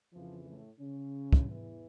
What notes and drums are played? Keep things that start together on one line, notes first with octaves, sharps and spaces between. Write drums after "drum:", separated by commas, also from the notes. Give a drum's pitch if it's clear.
F2 C#3 E3 F3
A2 A3
C#3 C#4
drum: kick
E2 E3